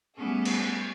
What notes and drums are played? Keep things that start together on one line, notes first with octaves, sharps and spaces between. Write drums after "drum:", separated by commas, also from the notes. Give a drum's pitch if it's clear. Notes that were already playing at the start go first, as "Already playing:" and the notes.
G3 A3 B3 C#4 G#4 A4
drum: cymbal